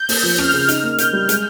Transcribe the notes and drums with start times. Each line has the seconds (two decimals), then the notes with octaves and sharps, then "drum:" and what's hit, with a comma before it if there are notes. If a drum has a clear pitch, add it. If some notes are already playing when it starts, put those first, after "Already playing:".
Already playing: G6
0.09 A#3, drum: open hi-hat
0.23 F3
0.38 C#4 F6, drum: rim click
0.54 C#3
0.68 D#4 F6, drum: hi-hat
0.84 A#3
0.98 A#4 G6, drum: hi-hat
1.13 G3
1.29 G#3, drum: hi-hat